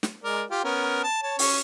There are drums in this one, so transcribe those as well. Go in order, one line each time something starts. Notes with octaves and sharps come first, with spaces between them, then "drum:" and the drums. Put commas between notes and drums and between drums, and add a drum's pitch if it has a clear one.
drum: snare
G#3 A#4 D5
F4 G4 G5
B3 C#4 A#4
A5
C#5 A5
C#4 C#6, drum: open hi-hat